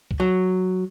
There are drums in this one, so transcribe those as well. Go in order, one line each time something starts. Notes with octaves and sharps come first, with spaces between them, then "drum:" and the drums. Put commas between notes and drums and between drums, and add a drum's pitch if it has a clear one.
drum: kick C2
F#3